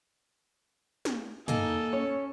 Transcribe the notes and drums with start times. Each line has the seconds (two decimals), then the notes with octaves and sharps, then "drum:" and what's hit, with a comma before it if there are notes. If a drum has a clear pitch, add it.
1.05 drum: snare
1.48 A#3 D#4 A4 D#5 G#5, drum: tom
1.93 C#4 C#5